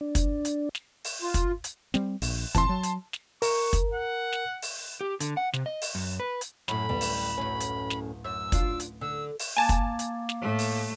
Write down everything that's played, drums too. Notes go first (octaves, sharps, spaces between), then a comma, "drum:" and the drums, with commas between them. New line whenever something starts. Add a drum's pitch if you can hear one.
D4
drum: kick, hi-hat
drum: hi-hat
drum: snare
drum: open hi-hat
F4
drum: kick, hi-hat
drum: hi-hat
G3 C4, drum: snare
A#1, drum: open hi-hat
A2 E3 C4 A5 C6, drum: kick, hi-hat
F#3
drum: hi-hat
drum: snare
A#4 C#6, drum: open hi-hat
drum: kick, hi-hat
F#5
drum: snare
drum: open hi-hat
G4
D3, drum: hi-hat
F#5
C3, drum: snare
D#5
drum: open hi-hat
F#2
B4
drum: hi-hat
F#2 A2 B5, drum: snare
D1 A1 G3
drum: open hi-hat
F#2 A2 C#4
drum: hi-hat
drum: snare
F#2 E6
D4 F4, drum: kick, hi-hat
drum: hi-hat
D3 E6
drum: open hi-hat
A#3 F5 G#5 A5 D6
drum: kick, hi-hat
drum: hi-hat
drum: snare
A2 A3
drum: open hi-hat